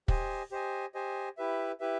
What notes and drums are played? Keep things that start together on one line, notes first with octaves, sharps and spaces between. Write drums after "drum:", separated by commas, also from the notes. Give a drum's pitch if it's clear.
G4 C5 D#5 G#5, drum: kick
G4 C5 D#5 G#5
G4 C5 D#5 G#5
E4 G4 B4 E5
E4 G4 B4 E5